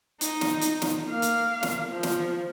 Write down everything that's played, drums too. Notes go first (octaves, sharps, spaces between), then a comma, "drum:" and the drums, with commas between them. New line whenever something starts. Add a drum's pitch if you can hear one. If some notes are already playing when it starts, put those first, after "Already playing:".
D#4, drum: hi-hat
drum: snare
drum: hi-hat
drum: snare
A#3 F5
drum: hi-hat
drum: snare
F3
drum: snare